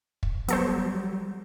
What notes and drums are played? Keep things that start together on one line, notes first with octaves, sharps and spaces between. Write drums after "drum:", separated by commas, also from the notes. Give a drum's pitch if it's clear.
drum: kick
F#3 G3 B3 A4 C5, drum: hi-hat